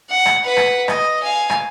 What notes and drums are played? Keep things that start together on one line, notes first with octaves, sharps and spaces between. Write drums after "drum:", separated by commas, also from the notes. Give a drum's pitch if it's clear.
F#5
drum: rim click
B4 F#5
drum: rim click
D#5, drum: rim click
F5 G#5
drum: rim click